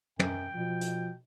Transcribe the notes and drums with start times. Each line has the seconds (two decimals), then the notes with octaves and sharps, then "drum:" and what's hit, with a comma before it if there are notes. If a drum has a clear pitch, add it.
0.19 F#2 G5, drum: tom
0.55 B2 F3
0.81 drum: hi-hat